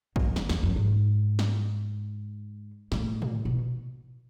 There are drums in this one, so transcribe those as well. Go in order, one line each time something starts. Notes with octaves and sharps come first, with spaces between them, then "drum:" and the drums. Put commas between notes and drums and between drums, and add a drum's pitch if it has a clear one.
G#2, drum: kick
F#2
E2, drum: snare
E2, drum: snare
F#2
G#2
drum: snare
A2, drum: snare
drum: tom A2
B2